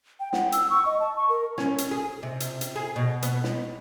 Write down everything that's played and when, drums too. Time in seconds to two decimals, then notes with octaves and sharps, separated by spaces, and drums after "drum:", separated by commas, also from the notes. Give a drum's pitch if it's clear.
0.20 G5
0.33 F#5, drum: snare
0.52 E6, drum: hi-hat
0.70 C#6
0.86 D#5
1.00 A5
1.16 C#6
1.29 A#4
1.58 C#4, drum: snare
1.78 drum: hi-hat
1.91 G#4
2.23 C3
2.40 drum: hi-hat
2.61 drum: hi-hat
2.76 G#4
2.96 B2
3.22 B3, drum: hi-hat
3.44 drum: snare